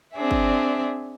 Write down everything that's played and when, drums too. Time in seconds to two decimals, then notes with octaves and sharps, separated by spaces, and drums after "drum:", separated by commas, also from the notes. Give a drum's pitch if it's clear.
0.14 C4 D4 G#4 E5
0.31 drum: kick G1